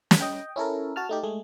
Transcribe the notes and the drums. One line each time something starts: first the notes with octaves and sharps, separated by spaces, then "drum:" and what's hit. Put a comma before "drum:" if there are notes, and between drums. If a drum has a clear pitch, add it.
drum: snare
D#5 G5
C#4 E4 A4 A#4
F#4 A5 F6
A3 D#4 G4
G#3 A3 G#4